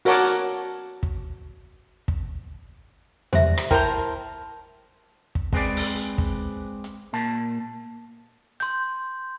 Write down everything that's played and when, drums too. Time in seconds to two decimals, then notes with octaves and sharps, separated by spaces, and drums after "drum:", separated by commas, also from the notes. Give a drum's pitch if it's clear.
0.05 F#4 A#4 C#5 F#5 A5 D6, drum: open hi-hat
1.03 drum: kick
2.08 drum: kick
3.33 G3 C5 E5, drum: tom E2
3.57 drum: rim click
3.71 E4 A#4 C5 G5 A5 A#5 C6, drum: kick
5.35 drum: kick
5.53 G#3 C4 G#4 B4 D5, drum: kick
5.76 drum: open hi-hat
6.18 drum: kick
6.84 drum: hi-hat
7.13 A#2 A#3 A5
8.60 C6 G6, drum: hi-hat